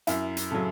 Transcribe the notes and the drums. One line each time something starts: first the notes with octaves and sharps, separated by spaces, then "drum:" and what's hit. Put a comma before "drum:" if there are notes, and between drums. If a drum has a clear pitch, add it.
F#2 E4, drum: hi-hat
drum: hi-hat
C#3 F#3 A4